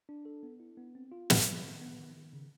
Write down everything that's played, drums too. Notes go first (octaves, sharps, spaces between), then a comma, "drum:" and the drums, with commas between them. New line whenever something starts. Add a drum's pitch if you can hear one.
D4
A4
B3
E4
B3
C4
F4
C4, drum: snare
G3
D#3
B3
D#3
D#3
C#3